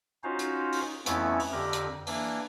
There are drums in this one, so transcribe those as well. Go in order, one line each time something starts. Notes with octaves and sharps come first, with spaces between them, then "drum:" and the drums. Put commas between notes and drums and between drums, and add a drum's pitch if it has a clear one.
C#4 D#4 F4 F#4 C5 F5
drum: hi-hat
drum: open hi-hat
F2 E3 A3 B3 C#4 E4, drum: hi-hat
drum: open hi-hat
F2 D3 G4 A#4
drum: hi-hat
E3 A#3 D4, drum: open hi-hat